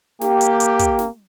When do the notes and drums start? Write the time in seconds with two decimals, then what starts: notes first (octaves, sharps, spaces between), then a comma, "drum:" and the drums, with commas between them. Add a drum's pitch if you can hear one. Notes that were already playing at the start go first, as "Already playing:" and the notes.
0.21 A#3 G4, drum: snare
0.41 drum: hi-hat
0.60 drum: hi-hat
0.79 drum: kick, hi-hat
0.99 drum: snare